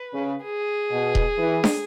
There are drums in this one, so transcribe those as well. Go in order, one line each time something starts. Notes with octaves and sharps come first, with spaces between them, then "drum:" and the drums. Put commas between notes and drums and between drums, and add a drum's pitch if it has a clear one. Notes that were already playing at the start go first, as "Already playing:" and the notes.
Already playing: B4
C#3
G#4
B2
drum: kick D#1
E3
drum: snare